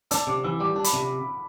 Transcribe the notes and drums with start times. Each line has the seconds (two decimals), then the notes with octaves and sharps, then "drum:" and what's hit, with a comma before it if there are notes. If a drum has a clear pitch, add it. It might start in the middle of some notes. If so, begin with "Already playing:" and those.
0.11 D4 E6, drum: hi-hat
0.27 C3 D6
0.44 E3 E6
0.60 G3 D6
0.76 D4
0.84 B5, drum: hi-hat
0.93 C3